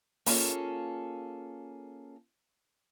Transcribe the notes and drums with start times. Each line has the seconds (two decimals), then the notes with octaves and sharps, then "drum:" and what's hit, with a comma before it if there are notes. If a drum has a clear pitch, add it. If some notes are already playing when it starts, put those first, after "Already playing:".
0.26 A#3 C#4 F4 G#4 A4, drum: open hi-hat